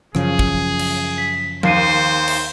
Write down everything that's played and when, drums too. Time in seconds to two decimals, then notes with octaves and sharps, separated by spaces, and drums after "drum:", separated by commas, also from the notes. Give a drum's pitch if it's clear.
0.15 F#2 C#3 F3 G#4, drum: rim click
0.39 drum: kick
0.79 drum: cymbal
1.18 B6
1.63 D#2 C5 F5 C7 D#7, drum: tom F3
2.28 drum: cymbal